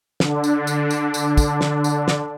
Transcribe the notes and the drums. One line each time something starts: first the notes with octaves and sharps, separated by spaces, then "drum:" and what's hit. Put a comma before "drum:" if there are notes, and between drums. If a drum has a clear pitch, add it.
D3 D4, drum: snare
drum: tambourine
drum: tambourine
drum: tambourine
drum: tambourine
drum: kick, tambourine
drum: snare
drum: tambourine
drum: snare